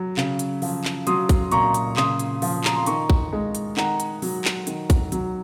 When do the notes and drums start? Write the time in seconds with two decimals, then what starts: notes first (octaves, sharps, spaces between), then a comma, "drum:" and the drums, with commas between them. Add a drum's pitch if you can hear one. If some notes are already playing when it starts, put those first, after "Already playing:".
Already playing: F#3
0.17 C#3, drum: clap
0.39 drum: hi-hat
0.62 F3, drum: open hi-hat
0.84 drum: clap
1.07 F#3 C6 D#6, drum: hi-hat
1.29 drum: kick, hi-hat
1.52 A#2 A#5 C#6, drum: hi-hat
1.74 drum: hi-hat
1.97 C#3 C6 D#6, drum: clap
2.19 drum: hi-hat
2.42 F3, drum: open hi-hat
2.64 A#5, drum: clap
2.76 C6
2.86 D#3 A#5 C#6, drum: hi-hat
3.10 drum: kick
3.32 G#3
3.55 drum: hi-hat
3.77 D#3 F#5 A#5, drum: clap
4.00 drum: hi-hat
4.22 F#3, drum: open hi-hat
4.45 drum: clap
4.67 D#3, drum: hi-hat
4.90 drum: kick, hi-hat
5.12 F#3, drum: hi-hat